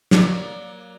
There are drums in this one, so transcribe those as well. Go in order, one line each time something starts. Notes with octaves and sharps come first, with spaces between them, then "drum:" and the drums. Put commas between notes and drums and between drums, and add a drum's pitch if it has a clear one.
F#3 A#3 D5, drum: snare